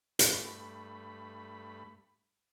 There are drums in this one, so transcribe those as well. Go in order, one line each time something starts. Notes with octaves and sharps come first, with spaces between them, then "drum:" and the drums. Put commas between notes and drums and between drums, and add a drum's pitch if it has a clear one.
G2 A3 B5, drum: hi-hat